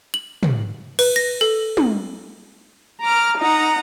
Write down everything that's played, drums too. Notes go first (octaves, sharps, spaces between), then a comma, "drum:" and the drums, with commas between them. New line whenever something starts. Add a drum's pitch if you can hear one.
F#7
drum: tom
B4, drum: cymbal
A#6
A4
drum: tom
A#5 D6 F6
D#4 F#5 A#5